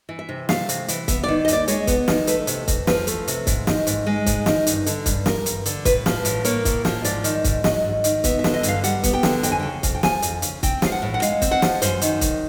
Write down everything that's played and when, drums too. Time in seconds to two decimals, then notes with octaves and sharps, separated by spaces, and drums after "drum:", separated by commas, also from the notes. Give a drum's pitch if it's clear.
0.09 E3
0.19 E5
0.29 C3
0.49 A3 F5, drum: snare
0.69 C3, drum: hi-hat
0.88 E3, drum: hi-hat
1.08 B3 E5, drum: kick C#1, hi-hat
1.24 D#3 D5
1.45 D#5
1.48 D#2 D5, drum: hi-hat
1.68 G#3 C#5, drum: hi-hat
1.87 B3, drum: kick C#1, hi-hat
2.08 D#3, drum: snare
2.27 A3 B4, drum: hi-hat
2.47 C3, drum: hi-hat
2.68 F2, drum: kick C#1, hi-hat
2.87 F3 B4, drum: snare
3.07 A3, drum: hi-hat
3.28 C3, drum: hi-hat
3.47 G#2, drum: kick C#1, hi-hat
3.67 D#3, drum: snare
3.87 G#2, drum: hi-hat
4.06 G#3
4.26 G#2, drum: kick C#1, hi-hat
4.46 D#3, drum: snare
4.67 G2, drum: hi-hat
4.86 D3, drum: hi-hat
5.06 G2, drum: kick C#1, hi-hat
5.26 G3 A#4, drum: snare
5.46 G2, drum: hi-hat
5.66 D3, drum: hi-hat
5.85 A2 B4, drum: kick C#1, hi-hat
6.06 F3, drum: snare
6.25 A2, drum: hi-hat
6.45 A#3 C#5, drum: hi-hat
6.65 A2, drum: kick C#1, hi-hat
6.85 F3, drum: snare
7.04 G#2 D5, drum: hi-hat
7.24 D#3, drum: hi-hat
7.44 G#2, drum: kick C#1, hi-hat
7.64 F#3 D#5, drum: snare
7.84 G#2
8.04 D#3, drum: hi-hat
8.24 B3 E5, drum: kick C#1, hi-hat
8.39 E5
8.44 D3, drum: snare
8.54 D#5
8.63 G2, drum: hi-hat
8.68 F5
8.84 G3 F#5, drum: hi-hat
9.03 B3, drum: kick C#1, hi-hat
9.14 G5
9.23 D3, drum: snare
9.43 F2 G5, drum: hi-hat
9.52 G#5
9.60 C#3 G5
9.83 F2, drum: kick C#1, hi-hat
9.95 G5
10.03 F3 G#5, drum: snare
10.22 F2, drum: hi-hat
10.42 C#3, drum: hi-hat
10.63 C4 G5, drum: kick C#1, hi-hat
10.82 F3 F5, drum: snare
10.92 F#5
11.02 A2
11.14 F#5
11.22 G#3 F5, drum: hi-hat
11.42 C4, drum: kick C#1, hi-hat
11.51 F#5
11.62 F3, drum: snare
11.82 F#2 C5, drum: hi-hat
12.01 D#3, drum: hi-hat
12.21 F#2, drum: kick C#1, hi-hat